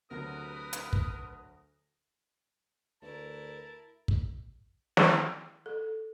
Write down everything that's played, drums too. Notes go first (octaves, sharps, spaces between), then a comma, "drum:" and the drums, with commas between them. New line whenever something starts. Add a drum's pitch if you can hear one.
D2 C3 F#3 A#4 B4 D#6 A#6
drum: hi-hat
drum: kick
D2 E4 A#4 B4 A5
drum: kick
E4, drum: snare
A4